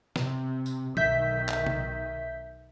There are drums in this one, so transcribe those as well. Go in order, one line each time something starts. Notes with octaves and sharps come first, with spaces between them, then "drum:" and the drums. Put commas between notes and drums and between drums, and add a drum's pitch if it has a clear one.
C3, drum: snare
drum: tambourine
B1 D#3 E5 G6 B6, drum: tom
drum: clap
drum: tom C3